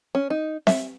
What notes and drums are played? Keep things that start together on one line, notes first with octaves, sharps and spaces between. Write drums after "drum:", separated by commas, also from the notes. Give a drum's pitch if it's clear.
C#4
D#4
E5, drum: snare C4